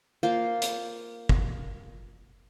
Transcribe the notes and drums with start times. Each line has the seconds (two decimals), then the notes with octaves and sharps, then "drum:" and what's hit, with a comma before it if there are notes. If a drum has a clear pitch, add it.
0.23 A#3 F4 C5
0.62 drum: hi-hat
1.29 drum: kick